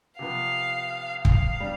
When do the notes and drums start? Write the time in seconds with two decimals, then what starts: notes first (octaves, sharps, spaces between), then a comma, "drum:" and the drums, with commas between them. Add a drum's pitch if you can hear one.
0.19 C3 F3 B3 F5
1.25 F5, drum: kick
1.60 G3 D4